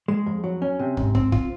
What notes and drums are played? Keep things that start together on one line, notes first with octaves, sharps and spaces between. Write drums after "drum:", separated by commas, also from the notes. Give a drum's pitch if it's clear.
G#3
F2
F#3
C#4
C3
G#2, drum: kick
C4, drum: kick
F4, drum: kick